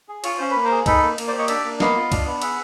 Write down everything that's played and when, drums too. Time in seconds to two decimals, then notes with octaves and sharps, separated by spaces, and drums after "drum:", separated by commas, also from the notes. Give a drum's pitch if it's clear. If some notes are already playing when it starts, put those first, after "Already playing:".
0.08 G#4
0.24 F4 C#5, drum: cymbal
0.38 C#4 C5
0.51 A#3 B4
0.64 A#4 C5
0.71 G#4
0.86 D#4 A4 B4, drum: kick, cymbal
1.02 A#3
1.18 A#3, drum: cymbal
1.28 C5 D5
1.33 G4
1.38 C#5 D#5
1.48 D4 D5 E5, drum: cymbal
1.64 A#3
1.80 B3 D#5 F5, drum: snare
1.96 F4
2.12 D4, drum: kick, cymbal
2.26 B3
2.42 G#4 E5 F#5, drum: cymbal